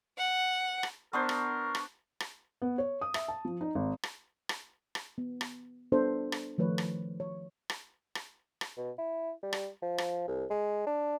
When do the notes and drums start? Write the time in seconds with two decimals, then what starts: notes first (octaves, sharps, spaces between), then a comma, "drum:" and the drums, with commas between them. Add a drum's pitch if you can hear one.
0.17 F#5
0.83 drum: rim click
1.13 B3 D4 A#4 C5 C#6
1.29 drum: rim click
1.75 drum: rim click
2.20 drum: rim click
2.62 B3
2.78 C#5
3.01 D#6
3.14 E5, drum: rim click
3.28 A5
3.45 F3
3.61 D#4
3.75 G#1
4.03 drum: rim click
4.49 drum: rim click
4.95 drum: rim click
5.18 B3
5.41 drum: rim click
5.92 B3 D4 A4 C5
6.32 drum: rim click
6.58 D#3 F3 A3 B4 C#5
6.78 drum: rim click
7.20 C#5
7.70 drum: rim click
8.15 drum: rim click
8.61 drum: rim click
8.77 B2
8.98 E4
9.43 G3
9.53 drum: rim click
9.82 F3
9.98 drum: rim click
10.27 C2
10.50 G#3
10.87 D4